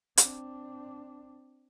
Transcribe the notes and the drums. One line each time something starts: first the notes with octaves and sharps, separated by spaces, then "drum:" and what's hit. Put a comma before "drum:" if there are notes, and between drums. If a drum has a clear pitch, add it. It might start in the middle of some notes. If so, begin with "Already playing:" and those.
C4 D4, drum: hi-hat